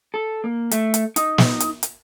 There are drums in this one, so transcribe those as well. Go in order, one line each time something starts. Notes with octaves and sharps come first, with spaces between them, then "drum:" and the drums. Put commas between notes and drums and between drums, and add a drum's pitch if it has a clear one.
A4
A#3
A3, drum: hi-hat
drum: hi-hat
D#4, drum: hi-hat
drum: snare
drum: hi-hat
drum: hi-hat